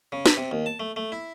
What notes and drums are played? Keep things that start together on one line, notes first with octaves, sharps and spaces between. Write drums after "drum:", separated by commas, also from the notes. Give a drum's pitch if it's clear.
C#3
B4, drum: snare
C3
D#2
A5
A3
A3
E4